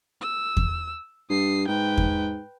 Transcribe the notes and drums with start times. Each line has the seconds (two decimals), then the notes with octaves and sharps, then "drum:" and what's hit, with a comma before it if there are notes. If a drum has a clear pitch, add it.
0.21 E6
0.57 drum: kick E2
1.30 G2 D#6 C7
1.68 G#2 B4 G5
1.98 drum: kick E2